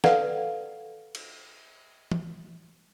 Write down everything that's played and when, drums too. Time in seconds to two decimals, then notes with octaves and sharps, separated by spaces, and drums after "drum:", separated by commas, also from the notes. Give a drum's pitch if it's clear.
0.04 A4 B4 D5 F5 F#5, drum: snare
1.15 drum: cymbal
2.12 drum: tom